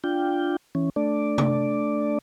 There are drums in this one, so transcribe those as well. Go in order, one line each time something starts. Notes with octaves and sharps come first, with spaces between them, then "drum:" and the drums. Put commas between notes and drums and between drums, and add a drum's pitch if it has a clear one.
D4 F4 G5
E3 C#4
A3 D4 D5
drum: tom C3